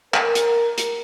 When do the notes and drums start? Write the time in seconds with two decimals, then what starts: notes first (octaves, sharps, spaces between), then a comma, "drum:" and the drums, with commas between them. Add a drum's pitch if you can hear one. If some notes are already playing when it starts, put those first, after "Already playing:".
0.14 A#4, drum: clap
0.35 drum: hi-hat
0.78 drum: hi-hat